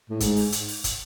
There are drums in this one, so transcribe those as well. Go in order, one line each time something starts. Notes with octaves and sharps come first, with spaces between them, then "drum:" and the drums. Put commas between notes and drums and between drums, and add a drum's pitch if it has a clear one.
A2
G#2, drum: kick, hi-hat
drum: open hi-hat
drum: hi-hat
drum: open hi-hat
drum: kick, hi-hat